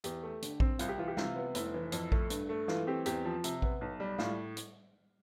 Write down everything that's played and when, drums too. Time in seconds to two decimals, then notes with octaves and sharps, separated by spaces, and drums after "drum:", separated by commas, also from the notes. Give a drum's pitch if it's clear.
0.04 E2 G4, drum: hi-hat
0.23 A3
0.42 D3, drum: hi-hat
0.60 C4, drum: kick A#1
0.79 C2 F4, drum: hi-hat
0.89 G4
0.98 E3 F4
1.08 G4
1.17 C3 F4, drum: snare
1.36 B3
1.55 F1 E4, drum: hi-hat
1.74 E3
1.92 F2, drum: hi-hat
2.12 A3, drum: kick A#1
2.30 G2, drum: hi-hat
2.49 A3
2.68 E3 F4, drum: snare
2.87 C4 G4
3.06 E2 G4, drum: hi-hat
3.25 F3
3.44 C3, drum: hi-hat
3.62 B3, drum: kick A#1
3.81 B1
4.00 G3
4.18 A2 F4, drum: snare
4.57 drum: hi-hat